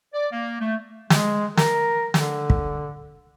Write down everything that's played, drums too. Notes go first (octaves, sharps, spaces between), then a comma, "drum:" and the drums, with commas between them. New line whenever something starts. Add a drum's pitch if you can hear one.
D5
A#3
A3
G#3, drum: snare
A#4, drum: snare
D3, drum: snare
drum: kick